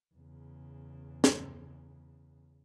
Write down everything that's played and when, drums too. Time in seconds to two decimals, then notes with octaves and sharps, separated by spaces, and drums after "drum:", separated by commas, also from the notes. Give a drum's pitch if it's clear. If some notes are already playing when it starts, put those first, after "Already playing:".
0.15 E2 C#3
1.24 drum: snare